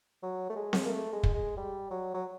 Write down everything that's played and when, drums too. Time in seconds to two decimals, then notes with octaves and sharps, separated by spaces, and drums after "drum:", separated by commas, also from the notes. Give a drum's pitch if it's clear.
0.23 F#3
0.50 A3
0.56 G#3
0.73 drum: snare C4
0.86 A#3
0.89 A3
1.13 G#3
1.23 drum: kick
1.34 G#3
1.57 G3
1.90 F#3
2.14 F#3